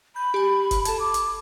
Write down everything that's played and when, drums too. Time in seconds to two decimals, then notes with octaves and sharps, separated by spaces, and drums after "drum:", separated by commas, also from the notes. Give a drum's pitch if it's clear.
0.16 B5 G6
0.34 G4 G#5
0.71 drum: kick F1, hi-hat
0.85 A4 A5 G#6, drum: hi-hat
1.00 D6
1.14 drum: hi-hat